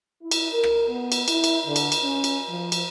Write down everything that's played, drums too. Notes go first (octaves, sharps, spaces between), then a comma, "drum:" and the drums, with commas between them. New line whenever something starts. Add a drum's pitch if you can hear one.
E4
drum: cymbal
A#4
drum: rim click
B3
drum: cymbal
E4, drum: cymbal
drum: cymbal
D3
drum: cymbal
drum: cymbal
C#4
drum: cymbal
F3
drum: cymbal